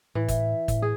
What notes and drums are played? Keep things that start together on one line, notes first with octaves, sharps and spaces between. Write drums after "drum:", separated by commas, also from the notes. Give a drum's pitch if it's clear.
A2 E3
E5, drum: kick, hi-hat
A2, drum: kick, hi-hat
G#4